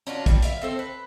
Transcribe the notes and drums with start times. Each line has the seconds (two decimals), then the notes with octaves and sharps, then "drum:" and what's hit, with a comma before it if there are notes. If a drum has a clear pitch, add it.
0.07 C#4 D4 F4 F#4
0.26 G3, drum: kick, hi-hat
0.42 E5 F5, drum: hi-hat
0.62 C4 A4 C5
0.79 B4